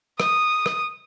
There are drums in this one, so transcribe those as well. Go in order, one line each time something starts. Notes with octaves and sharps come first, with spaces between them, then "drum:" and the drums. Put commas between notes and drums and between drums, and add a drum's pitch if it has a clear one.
D#6, drum: rim click
drum: rim click